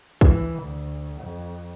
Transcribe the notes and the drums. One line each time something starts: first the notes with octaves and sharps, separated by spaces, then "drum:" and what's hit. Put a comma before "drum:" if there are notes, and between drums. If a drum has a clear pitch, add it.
E3, drum: kick
D2
F2